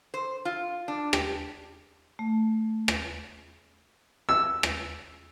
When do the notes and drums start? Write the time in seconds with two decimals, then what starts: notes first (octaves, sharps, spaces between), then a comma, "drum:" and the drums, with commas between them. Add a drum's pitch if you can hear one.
0.14 C5
0.45 F4
0.88 D4
1.13 G4, drum: rim click
2.19 A3
2.88 drum: rim click
4.29 E6
4.63 drum: rim click